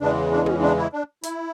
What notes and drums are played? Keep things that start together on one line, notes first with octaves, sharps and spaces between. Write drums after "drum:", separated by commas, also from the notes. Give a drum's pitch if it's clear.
E2 C#3 E3 G#3 D4
D4
C#4, drum: tom
D4
E4
D4
E4, drum: hi-hat